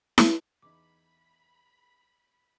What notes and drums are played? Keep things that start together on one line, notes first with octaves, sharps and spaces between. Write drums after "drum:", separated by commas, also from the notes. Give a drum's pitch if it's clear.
drum: snare E4
E2 D#4 B5 D6